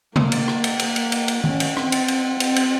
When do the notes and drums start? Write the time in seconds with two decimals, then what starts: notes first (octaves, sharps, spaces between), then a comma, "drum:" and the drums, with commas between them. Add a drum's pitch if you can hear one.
0.16 A#3, drum: tom C3
0.32 drum: cymbal
0.48 drum: rim click
0.64 drum: cymbal
0.79 A#3, drum: cymbal
0.96 drum: cymbal
1.12 drum: cymbal
1.28 drum: cymbal
1.44 C#4, drum: tom D#3
1.60 drum: cymbal
1.77 C4, drum: rim click
1.92 drum: cymbal
2.08 drum: cymbal
2.40 C4, drum: cymbal
2.56 drum: cymbal